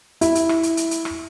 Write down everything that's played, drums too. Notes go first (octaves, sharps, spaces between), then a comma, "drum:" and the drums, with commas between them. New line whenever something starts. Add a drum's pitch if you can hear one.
E4, drum: hi-hat
drum: hi-hat
drum: rim click
drum: hi-hat
drum: hi-hat
drum: hi-hat
drum: rim click